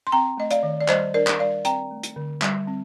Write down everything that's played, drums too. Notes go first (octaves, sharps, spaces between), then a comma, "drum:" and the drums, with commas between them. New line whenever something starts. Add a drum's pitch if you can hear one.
C6
C4 G5 A#5
A3 D#5
D5 F5, drum: hi-hat
D#3
D5
G3 C5 D#5, drum: clap
D4 A#4 D5
drum: clap
G3 D5 F5
C4 G5 A#5, drum: hi-hat
A3
drum: hi-hat
D3
G3, drum: clap
C4